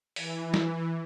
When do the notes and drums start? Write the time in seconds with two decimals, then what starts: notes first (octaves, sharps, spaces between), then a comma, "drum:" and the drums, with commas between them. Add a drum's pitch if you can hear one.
0.16 E3, drum: open hi-hat
0.54 drum: snare